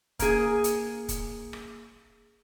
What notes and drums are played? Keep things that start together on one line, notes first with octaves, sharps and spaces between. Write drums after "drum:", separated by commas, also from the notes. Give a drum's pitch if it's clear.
A#3 G#4, drum: kick, hi-hat
drum: hi-hat
drum: kick, hi-hat
drum: rim click